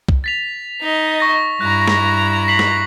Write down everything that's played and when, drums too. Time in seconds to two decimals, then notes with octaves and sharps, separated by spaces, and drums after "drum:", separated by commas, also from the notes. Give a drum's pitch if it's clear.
0.09 drum: kick C2
0.24 A6 B6 F7
0.80 D#4 D#5
1.20 C#6 A#6
1.61 G2 E4 A#5 F#6
1.88 drum: snare
2.48 B6 C7 F#7
2.59 drum: snare